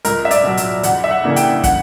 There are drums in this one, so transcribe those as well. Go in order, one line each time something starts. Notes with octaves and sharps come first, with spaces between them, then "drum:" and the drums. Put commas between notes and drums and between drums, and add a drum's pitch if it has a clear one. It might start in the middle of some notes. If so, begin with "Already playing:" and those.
C#2 A#4, drum: hi-hat
E5
D5, drum: hi-hat
B2 F#3
drum: hi-hat
E2 F#5, drum: hi-hat
E5
F#5
C#3 E3 A#3 D4
G5, drum: hi-hat
F#5, drum: kick, hi-hat